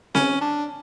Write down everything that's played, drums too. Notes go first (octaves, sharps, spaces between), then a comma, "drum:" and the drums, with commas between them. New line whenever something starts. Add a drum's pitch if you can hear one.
C#4, drum: snare C4
D4